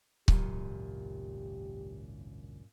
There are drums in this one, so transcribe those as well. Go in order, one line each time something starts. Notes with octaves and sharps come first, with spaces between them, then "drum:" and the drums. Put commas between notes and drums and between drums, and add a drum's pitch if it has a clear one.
G#1 C#2 F#2 A#2 G4, drum: kick C#1